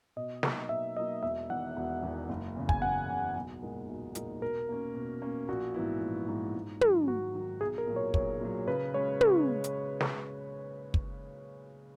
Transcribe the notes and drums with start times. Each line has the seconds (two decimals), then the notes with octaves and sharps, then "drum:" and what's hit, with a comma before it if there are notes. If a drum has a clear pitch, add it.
0.16 B2 D#5
0.43 F#3 A#3 D#4, drum: snare
0.69 B2 E5
0.96 F#3 A#3 D#4 D#5
1.23 E1 E5
1.50 E2 D#3 F#5
1.77 E1
2.03 E2 D#3
2.29 F#1
2.56 E2 C#3
2.69 G#5, drum: kick
2.82 F#1 F#5
3.09 E2 C#3
3.36 B1
3.62 A#2 G#3 D#4 A#4
3.89 B1
4.15 A#2 G#3 D#4 A#4, drum: hi-hat
4.42 B2 A#4
4.69 A#3 C#4
4.95 B2
5.22 A#3 C#4
5.48 A#1 F#4
5.74 G#2 E3 B3 E4
6.01 A#1
6.28 G#2 E3 B3 E4
6.55 G#2
6.81 D#3 F#3, drum: tom
7.08 G#2 F#4
7.35 D#3 F#3
7.61 B1 G#4
7.78 A#4
7.87 A#2 F#3
7.96 C#5
8.14 B1 C#5, drum: kick
8.41 A#2 F#3
8.67 C#3 B4
8.94 G#3 C#4 C#5
9.21 C#3, drum: tom
9.47 G#3
9.64 drum: hi-hat
10.01 drum: snare
10.94 drum: kick